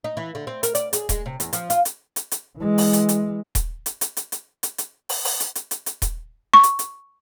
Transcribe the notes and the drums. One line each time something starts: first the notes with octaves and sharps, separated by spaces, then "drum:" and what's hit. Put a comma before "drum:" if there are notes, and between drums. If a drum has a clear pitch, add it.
D#4
E3
D3
C4
A#4, drum: hi-hat
D5, drum: hi-hat
G#4, drum: hi-hat
G#3, drum: kick D#1, hi-hat
C3
E2, drum: hi-hat
F3, drum: hi-hat
F4, drum: hi-hat
drum: hi-hat
drum: hi-hat
drum: hi-hat
E3 G#3
drum: open hi-hat
drum: hi-hat
drum: hi-hat
drum: kick D#1, hi-hat
drum: hi-hat
drum: hi-hat
drum: hi-hat
drum: hi-hat
drum: hi-hat
drum: hi-hat
drum: open hi-hat
drum: open hi-hat
drum: hi-hat
drum: hi-hat
drum: hi-hat
drum: hi-hat
drum: kick D#1, hi-hat
C#6
drum: hi-hat
drum: hi-hat